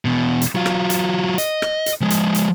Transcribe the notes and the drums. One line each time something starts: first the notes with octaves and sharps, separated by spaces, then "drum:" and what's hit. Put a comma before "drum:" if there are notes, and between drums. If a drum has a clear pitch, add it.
E2 B2
drum: hi-hat
F#3 F4
drum: rim click
drum: hi-hat
D#5, drum: hi-hat
drum: rim click
drum: hi-hat
F3 G#3
drum: hi-hat
drum: hi-hat